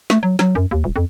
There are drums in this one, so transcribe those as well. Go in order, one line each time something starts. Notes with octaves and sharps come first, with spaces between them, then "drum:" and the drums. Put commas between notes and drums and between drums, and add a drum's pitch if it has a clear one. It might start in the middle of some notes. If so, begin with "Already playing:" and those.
A3, drum: snare
F#3
F#3, drum: snare
F#2
D#2
D#1
F2